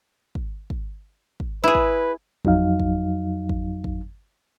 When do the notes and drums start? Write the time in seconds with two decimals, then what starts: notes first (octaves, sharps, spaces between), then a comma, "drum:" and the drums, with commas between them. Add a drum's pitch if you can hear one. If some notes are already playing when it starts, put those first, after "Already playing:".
0.35 drum: kick
0.70 drum: kick
1.40 drum: kick
1.64 E4 G#4 B4
1.75 drum: kick
2.45 F2 F#3 D#4 F5, drum: kick
2.80 drum: kick
3.49 drum: kick
3.84 drum: kick